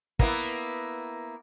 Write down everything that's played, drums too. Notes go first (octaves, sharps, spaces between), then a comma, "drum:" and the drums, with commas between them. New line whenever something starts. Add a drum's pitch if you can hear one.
A#3 B3 E4, drum: kick